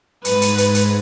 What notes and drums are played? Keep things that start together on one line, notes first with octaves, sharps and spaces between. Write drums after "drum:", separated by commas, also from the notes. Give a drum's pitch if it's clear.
G#2 B4, drum: hi-hat
drum: hi-hat
drum: hi-hat
drum: hi-hat